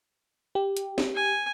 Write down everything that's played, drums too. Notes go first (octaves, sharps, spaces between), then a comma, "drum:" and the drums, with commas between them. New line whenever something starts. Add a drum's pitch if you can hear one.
G4
drum: hi-hat
drum: snare
G#5